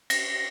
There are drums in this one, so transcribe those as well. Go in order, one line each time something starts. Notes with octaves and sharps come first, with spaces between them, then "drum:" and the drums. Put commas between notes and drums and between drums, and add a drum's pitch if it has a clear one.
A#6, drum: cymbal